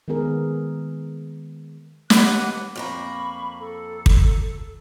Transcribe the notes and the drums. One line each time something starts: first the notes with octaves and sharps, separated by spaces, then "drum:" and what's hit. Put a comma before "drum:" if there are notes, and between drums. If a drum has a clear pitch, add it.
D#3 G#3 B3 G#4 A#4
D#2 B4 F#5 D6 F#6, drum: snare
F2 A#3 A#5 B5 C#6
A4
drum: kick